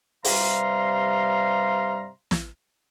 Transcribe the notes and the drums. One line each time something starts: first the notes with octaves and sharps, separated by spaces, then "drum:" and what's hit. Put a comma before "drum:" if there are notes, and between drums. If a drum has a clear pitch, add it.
G2 C3 G3 F5 A#5 C6, drum: open hi-hat
drum: snare